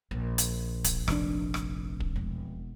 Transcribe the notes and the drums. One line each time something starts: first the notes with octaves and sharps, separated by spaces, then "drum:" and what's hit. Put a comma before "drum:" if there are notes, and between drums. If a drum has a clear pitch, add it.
A#1
drum: hi-hat
drum: kick, hi-hat
F1 B2 D4, drum: rim click
drum: rim click
drum: kick
E1